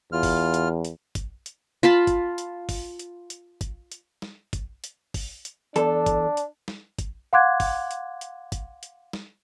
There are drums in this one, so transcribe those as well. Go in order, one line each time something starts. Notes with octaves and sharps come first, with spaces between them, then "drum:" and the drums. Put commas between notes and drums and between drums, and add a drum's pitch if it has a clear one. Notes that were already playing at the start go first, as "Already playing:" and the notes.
E2 F4 F6
drum: kick, open hi-hat
drum: hi-hat
drum: hi-hat
drum: kick, hi-hat
drum: hi-hat
F4 A5 B5
drum: kick, hi-hat
drum: hi-hat
drum: kick, open hi-hat
drum: hi-hat
drum: hi-hat
drum: kick, hi-hat
drum: hi-hat
drum: snare
drum: kick, hi-hat
drum: hi-hat
drum: kick, open hi-hat
drum: hi-hat
E2 D4 A4, drum: hi-hat
drum: kick, hi-hat
drum: hi-hat
drum: snare
drum: kick, hi-hat
F5 F#5 C6 D6 F#6 G#6
drum: kick, open hi-hat
drum: hi-hat
drum: hi-hat
drum: kick, hi-hat
drum: hi-hat
drum: snare